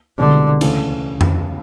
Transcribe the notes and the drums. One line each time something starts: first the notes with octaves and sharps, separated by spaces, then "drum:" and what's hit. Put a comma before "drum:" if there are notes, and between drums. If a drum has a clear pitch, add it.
C2 B2 D3 G#3
D2 C#3 E3 A3 C#4, drum: cymbal
drum: tom F2